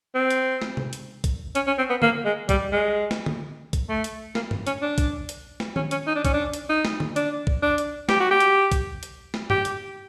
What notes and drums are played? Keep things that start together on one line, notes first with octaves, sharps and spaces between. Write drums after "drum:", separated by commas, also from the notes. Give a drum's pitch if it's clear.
C4
drum: hi-hat
drum: snare
drum: tom
drum: hi-hat
drum: kick A#1, hi-hat
C#4, drum: hi-hat
C#4
C4
B3
A#3, drum: tom
G#3
G3, drum: kick A#1, hi-hat
G#3
drum: snare
drum: tom
drum: kick A#1, hi-hat
A3
drum: hi-hat
A#3, drum: snare
drum: tom F#2
C#4, drum: hi-hat
D4
drum: kick A#1, hi-hat
drum: hi-hat
drum: snare
C#4, drum: tom D#3
C#4, drum: hi-hat
D#4
D4
C#4, drum: kick A#1, hi-hat
D4
drum: hi-hat
D#4
drum: snare
drum: tom
D4, drum: hi-hat
drum: kick A#1
D4
drum: hi-hat
G4, drum: snare
F#4
G4
drum: hi-hat
drum: kick A#1, hi-hat
drum: hi-hat
drum: snare
G4, drum: tom F#2
drum: hi-hat